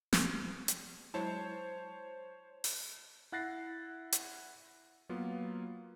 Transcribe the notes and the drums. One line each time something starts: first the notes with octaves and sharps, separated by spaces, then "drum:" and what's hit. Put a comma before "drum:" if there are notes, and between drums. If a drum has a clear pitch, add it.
drum: snare
drum: hi-hat
F#3 G#3 E4 C5 C#5 A5
drum: open hi-hat
E4 F#5 F#6 A6 A#6 C7
drum: hi-hat
F#3 A#3 B3 F4